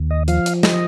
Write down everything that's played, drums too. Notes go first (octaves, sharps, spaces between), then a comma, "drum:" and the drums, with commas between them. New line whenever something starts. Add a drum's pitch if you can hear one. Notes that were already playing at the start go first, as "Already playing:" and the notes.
Already playing: D#2
D#5
F3 F5, drum: hi-hat
drum: hi-hat
D#5, drum: snare